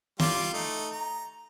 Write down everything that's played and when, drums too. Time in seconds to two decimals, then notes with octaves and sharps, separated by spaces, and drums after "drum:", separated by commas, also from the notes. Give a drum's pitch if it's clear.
0.20 G3 F4 D5, drum: snare
0.54 A3 D#4
0.90 A#5